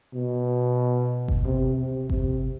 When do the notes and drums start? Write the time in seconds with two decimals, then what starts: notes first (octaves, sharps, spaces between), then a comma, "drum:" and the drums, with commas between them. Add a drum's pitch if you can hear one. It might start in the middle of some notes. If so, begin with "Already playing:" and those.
0.14 B2
1.28 drum: kick G1
1.45 C3
1.77 C3
2.10 C3, drum: kick G1